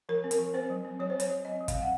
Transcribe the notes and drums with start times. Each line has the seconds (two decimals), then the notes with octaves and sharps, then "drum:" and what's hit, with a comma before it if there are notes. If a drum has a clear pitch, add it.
0.09 F3 A#4
0.24 C4
0.31 A#4, drum: hi-hat
0.39 F3
0.54 C4 C5
0.70 F#3
0.85 C4
1.00 F#3 C#5
1.10 C4 C5
1.20 C#5, drum: hi-hat
1.29 F#3
1.45 C4 D#5
1.61 F#3
1.68 F5, drum: kick, hi-hat
1.76 C4
1.82 F#5